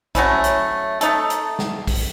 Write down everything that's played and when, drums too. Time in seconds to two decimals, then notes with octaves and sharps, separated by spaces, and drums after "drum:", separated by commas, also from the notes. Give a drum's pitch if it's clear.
0.15 F#3 A3 C#4 E4, drum: kick A#1, hi-hat
0.44 drum: hi-hat
1.01 A3 D#4 A4, drum: hi-hat
1.30 drum: hi-hat
1.59 drum: snare
1.87 drum: kick A#1, open hi-hat